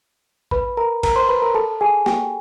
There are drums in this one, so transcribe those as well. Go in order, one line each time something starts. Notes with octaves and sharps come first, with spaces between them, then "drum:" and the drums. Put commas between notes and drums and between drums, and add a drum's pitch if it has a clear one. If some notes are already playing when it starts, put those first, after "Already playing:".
B4 B5, drum: kick A1
A#4 A#5
A#4 A#5, drum: kick A1, cymbal
C5 C6
B4 B5
A#4 A#5
A4 A5
G#4 G#5
G4 G5, drum: snare